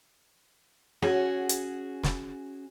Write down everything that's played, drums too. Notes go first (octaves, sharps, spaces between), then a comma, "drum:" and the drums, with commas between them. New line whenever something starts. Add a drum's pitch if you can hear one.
C#4 F#4 G#4, drum: rim click
drum: hi-hat
drum: snare